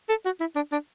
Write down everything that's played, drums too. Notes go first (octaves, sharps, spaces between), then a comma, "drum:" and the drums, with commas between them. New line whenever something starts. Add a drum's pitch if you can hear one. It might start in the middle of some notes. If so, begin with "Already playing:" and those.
A4, drum: hi-hat
F#4, drum: hi-hat
E4, drum: hi-hat
D4
D4